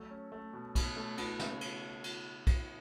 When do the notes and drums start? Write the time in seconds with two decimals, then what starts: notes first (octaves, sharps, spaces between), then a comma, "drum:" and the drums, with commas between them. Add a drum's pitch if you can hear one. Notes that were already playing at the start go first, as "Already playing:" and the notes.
Already playing: F#3 A3 A4
0.11 C#4
0.32 A3
0.53 B2
0.75 B2, drum: kick, cymbal
0.96 A3
1.18 B3, drum: cymbal
1.39 C#3, drum: snare
1.61 drum: cymbal
2.04 drum: cymbal
2.47 drum: kick, cymbal